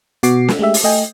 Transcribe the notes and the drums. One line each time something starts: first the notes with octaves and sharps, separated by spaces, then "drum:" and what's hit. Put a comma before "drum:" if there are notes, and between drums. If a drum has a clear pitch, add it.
B2 F#4 D6 C7, drum: hi-hat
drum: snare
G#3 A3 G4 E5
drum: open hi-hat
A3 D#5 G5 G#5